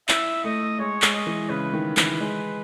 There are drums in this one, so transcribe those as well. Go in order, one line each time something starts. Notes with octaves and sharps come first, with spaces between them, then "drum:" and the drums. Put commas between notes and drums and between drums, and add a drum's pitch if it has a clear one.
E4 E5, drum: clap
A3 D#5
G#3 C#5
G#3, drum: clap
D#5
E3
C#3 B4
D#3
E3, drum: clap
G#3